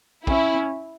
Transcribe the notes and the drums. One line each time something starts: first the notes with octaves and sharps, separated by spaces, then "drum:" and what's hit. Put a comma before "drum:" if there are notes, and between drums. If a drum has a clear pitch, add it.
C#4 E4, drum: kick